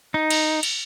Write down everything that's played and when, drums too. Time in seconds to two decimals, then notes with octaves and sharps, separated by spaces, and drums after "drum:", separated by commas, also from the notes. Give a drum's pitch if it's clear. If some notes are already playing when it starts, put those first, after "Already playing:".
0.14 D#4
0.30 drum: cymbal
0.63 drum: cymbal